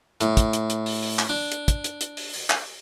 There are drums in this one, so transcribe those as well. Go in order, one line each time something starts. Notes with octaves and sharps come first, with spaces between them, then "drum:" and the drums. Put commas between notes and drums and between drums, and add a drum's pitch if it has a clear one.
A2, drum: hi-hat
drum: kick, hi-hat
drum: hi-hat
drum: hi-hat
drum: open hi-hat
drum: open hi-hat
drum: clap
D4
drum: hi-hat
drum: kick, hi-hat
drum: hi-hat
drum: hi-hat
drum: open hi-hat
drum: open hi-hat
drum: clap